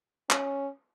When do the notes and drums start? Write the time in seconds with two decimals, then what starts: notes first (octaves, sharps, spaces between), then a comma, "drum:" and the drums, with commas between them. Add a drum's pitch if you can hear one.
0.30 C#4, drum: clap